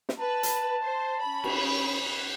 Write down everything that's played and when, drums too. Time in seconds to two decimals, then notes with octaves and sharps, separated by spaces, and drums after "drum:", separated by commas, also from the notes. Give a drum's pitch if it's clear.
0.09 drum: snare
0.20 B4 A5
0.43 drum: hi-hat
0.83 C5
1.21 C#4 B5
1.44 drum: cymbal